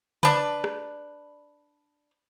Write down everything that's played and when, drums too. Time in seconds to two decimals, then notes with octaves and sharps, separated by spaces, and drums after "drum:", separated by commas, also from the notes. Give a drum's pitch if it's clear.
0.23 D4 B4, drum: tom C#3
0.64 drum: rim click